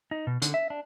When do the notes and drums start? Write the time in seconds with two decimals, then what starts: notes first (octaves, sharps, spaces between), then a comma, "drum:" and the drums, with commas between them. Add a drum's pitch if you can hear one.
0.11 D#4
0.27 B2
0.42 D3, drum: hi-hat
0.54 E5
0.70 D4